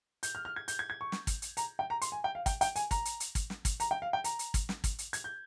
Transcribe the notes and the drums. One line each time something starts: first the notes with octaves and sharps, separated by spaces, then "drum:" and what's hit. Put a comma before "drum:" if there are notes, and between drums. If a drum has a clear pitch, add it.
G6, drum: hi-hat
F6
F6
G#6
G6, drum: hi-hat
G#6
G#6
C#6
drum: snare
drum: kick, hi-hat
drum: hi-hat
A#5, drum: hi-hat
G5
A#5
C6, drum: hi-hat
G#5
G5
F5
G5, drum: kick, hi-hat
G5, drum: hi-hat
G#5, drum: hi-hat
A#5, drum: kick, hi-hat
drum: hi-hat
drum: hi-hat
drum: kick, hi-hat
drum: snare
drum: kick, hi-hat
A#5, drum: hi-hat
G5
F5
G5
A#5, drum: hi-hat
drum: hi-hat
drum: kick, hi-hat
drum: snare
drum: kick, hi-hat
drum: hi-hat
G#6, drum: hi-hat
G6